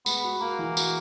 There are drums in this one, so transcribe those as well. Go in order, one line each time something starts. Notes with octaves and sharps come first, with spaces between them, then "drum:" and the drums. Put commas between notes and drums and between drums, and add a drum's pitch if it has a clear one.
G#3 B3, drum: tambourine
F#4
A#3 F#4
E3
F#4, drum: tambourine